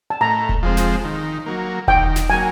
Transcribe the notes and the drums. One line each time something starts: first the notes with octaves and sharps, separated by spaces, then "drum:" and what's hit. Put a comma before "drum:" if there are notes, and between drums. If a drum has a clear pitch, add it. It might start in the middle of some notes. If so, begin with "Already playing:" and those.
A5
A2 A#5
drum: kick E1
F3 G#3 C4
drum: snare
D#3
F#3 A#3
D#3 G5, drum: kick E1
drum: snare
F#3 A#3 G#5